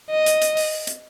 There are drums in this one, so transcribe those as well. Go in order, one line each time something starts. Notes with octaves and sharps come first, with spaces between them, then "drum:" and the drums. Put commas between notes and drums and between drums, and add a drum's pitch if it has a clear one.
D#5
drum: hi-hat
drum: hi-hat
drum: open hi-hat
drum: hi-hat